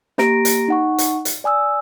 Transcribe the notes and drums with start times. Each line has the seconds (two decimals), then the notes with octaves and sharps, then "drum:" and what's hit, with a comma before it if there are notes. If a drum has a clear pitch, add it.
0.18 A#3 G4 A#5 A#6 D7, drum: snare
0.45 drum: hi-hat
0.68 D#4 F#5 C#6
0.98 drum: hi-hat
1.25 drum: hi-hat
1.44 D5 G#5 D#6 E6